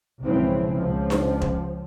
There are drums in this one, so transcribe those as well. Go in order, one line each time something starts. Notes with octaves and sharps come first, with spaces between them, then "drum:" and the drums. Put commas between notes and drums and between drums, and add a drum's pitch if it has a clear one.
B1 G#2 C#3 E3 F3 C4
C#2 F3
drum: snare D4
drum: kick E1